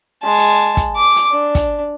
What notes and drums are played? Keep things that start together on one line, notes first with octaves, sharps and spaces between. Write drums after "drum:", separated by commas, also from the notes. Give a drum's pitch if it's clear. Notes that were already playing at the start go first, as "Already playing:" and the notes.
G#3 A5
drum: hi-hat
drum: kick, hi-hat
D6
drum: hi-hat
D4
drum: kick, hi-hat